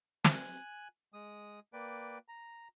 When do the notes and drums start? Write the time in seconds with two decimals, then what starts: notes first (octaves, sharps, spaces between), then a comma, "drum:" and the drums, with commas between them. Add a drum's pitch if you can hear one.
0.25 G#5 F#6, drum: snare
1.13 G#3 D#6
1.73 A#3 B4 D5 G5
2.28 A#5